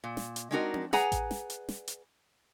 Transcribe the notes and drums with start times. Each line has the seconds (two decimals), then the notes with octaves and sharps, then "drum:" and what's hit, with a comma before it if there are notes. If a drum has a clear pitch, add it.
0.04 A#2
0.17 drum: snare
0.36 drum: hi-hat
0.51 G#3 C4 D4 D#4 F#4 A#4
0.74 drum: tom C4
0.93 G#4 B4 D5 F#5 G#5 A#5, drum: snare
1.12 drum: kick A1, hi-hat
1.31 drum: snare
1.50 drum: hi-hat
1.69 drum: snare
1.88 drum: hi-hat